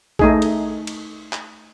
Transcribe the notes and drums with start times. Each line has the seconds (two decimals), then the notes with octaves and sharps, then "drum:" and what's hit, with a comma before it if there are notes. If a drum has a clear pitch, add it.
0.19 A3 D#4 G#4, drum: kick A#1
0.42 drum: cymbal
0.87 drum: cymbal
1.33 drum: clap